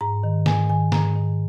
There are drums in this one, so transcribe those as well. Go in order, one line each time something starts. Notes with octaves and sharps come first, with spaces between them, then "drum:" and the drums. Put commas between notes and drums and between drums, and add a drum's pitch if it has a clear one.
G#2 A#5
D#3
G#2 G#5, drum: snare
D#3 G#5
G#2 A#5, drum: snare
D#3